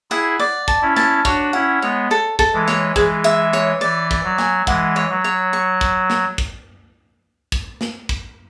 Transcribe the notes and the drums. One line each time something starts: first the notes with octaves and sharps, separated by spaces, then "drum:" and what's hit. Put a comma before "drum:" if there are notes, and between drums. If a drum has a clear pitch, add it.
E4 G#4 F#5
D5
A5, drum: kick
C#4 E4
A5, drum: snare
D4 F#4 C#5, drum: kick
C#4 E4 F#5
G#3 B3 C#5
A4
A4, drum: kick
E3 G#3
C#5, drum: snare
E3 G#3 G#4, drum: kick
E5
C#5
E3 D5
D5, drum: kick
F#3
G#5, drum: snare
E3 G#3 F#5, drum: kick
C#5
F#3
C#5
C#6
drum: kick
drum: snare
drum: kick
drum: kick
drum: snare
drum: kick